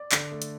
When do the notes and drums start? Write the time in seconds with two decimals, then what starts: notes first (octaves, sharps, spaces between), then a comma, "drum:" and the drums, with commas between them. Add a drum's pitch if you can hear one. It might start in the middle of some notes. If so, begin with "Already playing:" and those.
Already playing: D5
0.12 D3, drum: clap
0.32 A3
0.42 drum: hi-hat